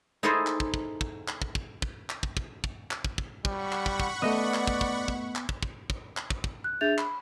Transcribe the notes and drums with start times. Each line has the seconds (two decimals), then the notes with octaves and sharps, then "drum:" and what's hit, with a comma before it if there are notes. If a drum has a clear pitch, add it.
0.23 D#4 E4 G#4 A4 C5 D#5
0.47 drum: clap
0.60 drum: kick
0.74 drum: kick
1.01 drum: kick
1.28 drum: clap
1.42 drum: kick
1.55 drum: kick
1.82 drum: kick
2.09 drum: clap
2.23 drum: kick
2.37 drum: kick
2.64 drum: kick
2.91 drum: clap
3.05 drum: kick
3.18 drum: kick
3.45 G3 F#5 B5 C#6, drum: kick
3.72 drum: clap
3.86 drum: kick
4.00 drum: kick
4.22 A3 B3 D5 D#5 D#6
4.54 drum: clap
4.67 drum: kick
4.81 drum: kick
5.08 drum: kick
5.35 drum: clap
5.49 drum: kick
5.63 drum: kick
5.90 drum: kick
6.17 drum: clap
6.30 drum: kick
6.44 drum: kick
6.64 F#6
6.81 D4 G#4 E5 G6 A6 F7
6.98 B5, drum: clap